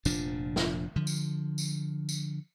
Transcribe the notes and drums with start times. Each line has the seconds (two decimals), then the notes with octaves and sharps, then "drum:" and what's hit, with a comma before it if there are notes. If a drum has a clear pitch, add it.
0.05 F1 A#2 F3 D4, drum: tambourine
0.56 drum: snare
0.96 D3 F3
1.07 drum: tambourine
1.58 drum: tambourine
2.09 drum: tambourine